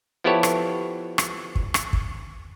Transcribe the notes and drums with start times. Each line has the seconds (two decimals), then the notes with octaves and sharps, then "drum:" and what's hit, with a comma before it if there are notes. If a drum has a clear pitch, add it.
0.24 F3 B3 E4 G4 A4 C#5
0.43 drum: rim click
1.18 drum: rim click
1.55 drum: kick
1.74 drum: rim click
1.93 drum: kick